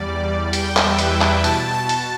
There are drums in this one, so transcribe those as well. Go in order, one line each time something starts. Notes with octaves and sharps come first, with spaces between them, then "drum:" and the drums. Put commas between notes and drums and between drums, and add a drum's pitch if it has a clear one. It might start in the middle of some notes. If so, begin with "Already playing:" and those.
Already playing: E2 G3 D5
E2
G3 G5, drum: hi-hat
E5, drum: clap
G3
B4, drum: hi-hat
E4
B4, drum: clap
B2 A5, drum: hi-hat
B2 A5
drum: hi-hat